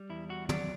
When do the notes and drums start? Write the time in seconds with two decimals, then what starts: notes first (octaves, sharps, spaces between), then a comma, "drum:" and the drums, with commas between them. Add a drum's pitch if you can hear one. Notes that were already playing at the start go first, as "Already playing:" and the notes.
Already playing: G3
0.10 E2 E4
0.30 F#4
0.49 F#3 D5, drum: tom